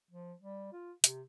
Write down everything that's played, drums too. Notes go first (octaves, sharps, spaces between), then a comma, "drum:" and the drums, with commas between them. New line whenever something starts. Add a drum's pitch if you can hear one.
F3
G3
F4
C3, drum: hi-hat